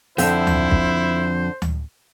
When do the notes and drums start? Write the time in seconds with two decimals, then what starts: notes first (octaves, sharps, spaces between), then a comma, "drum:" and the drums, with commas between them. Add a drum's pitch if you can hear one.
0.18 F2 D3 E4 C5 E5 G5, drum: open hi-hat
0.47 drum: tom D2
0.71 drum: kick
1.62 drum: tom D2